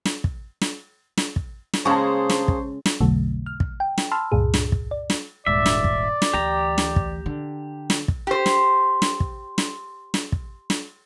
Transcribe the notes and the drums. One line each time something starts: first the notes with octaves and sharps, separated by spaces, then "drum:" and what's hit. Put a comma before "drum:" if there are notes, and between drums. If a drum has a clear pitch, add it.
drum: snare
drum: kick
drum: snare
drum: snare
drum: kick
drum: snare
C#3 G#3 A#3 G#4 C5 A5 C#6
drum: snare
drum: kick
drum: snare
B1 F2 B2 D3 F#3 A3
F6
drum: kick
G5
drum: snare
A5 B5 C6 E6 F6
C#2 G2 A#2 G#4
drum: snare
drum: kick
D5
drum: snare
D#1 G#2 D5 E5
drum: snare
drum: kick
drum: snare
D2 E3 G4 A#5
drum: snare
drum: kick
D3
drum: snare
drum: kick
G4 C5
drum: snare
drum: snare
drum: kick
drum: snare
drum: snare
drum: kick
drum: snare